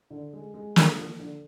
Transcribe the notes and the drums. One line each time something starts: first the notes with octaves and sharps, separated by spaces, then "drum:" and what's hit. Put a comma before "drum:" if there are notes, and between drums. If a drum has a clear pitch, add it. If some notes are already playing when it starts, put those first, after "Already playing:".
D3
G#3
G#3
D3, drum: snare
F3
D3